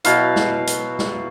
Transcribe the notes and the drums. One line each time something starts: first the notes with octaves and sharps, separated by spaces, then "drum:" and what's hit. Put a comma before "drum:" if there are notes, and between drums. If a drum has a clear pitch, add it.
B2 F#3 E4 F5, drum: hi-hat
drum: snare
drum: hi-hat
drum: snare